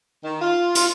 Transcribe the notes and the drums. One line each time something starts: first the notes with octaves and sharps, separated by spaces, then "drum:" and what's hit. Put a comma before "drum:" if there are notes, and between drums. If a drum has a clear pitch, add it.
D#3
F4
F4, drum: hi-hat